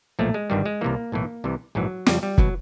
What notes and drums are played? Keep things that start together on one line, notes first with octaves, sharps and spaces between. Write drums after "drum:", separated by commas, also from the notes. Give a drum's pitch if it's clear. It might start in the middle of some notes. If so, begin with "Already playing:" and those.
B1 A#2 F3 A3
G#3
G1 G2 D#3 G3
G#3
C2 C3 E3 A#3
B1 A2 E3
C2 C3 E3
A#1 G#2 E3 F#3
F2 C#3 F3 G3, drum: snare
G3
B2 F#3, drum: kick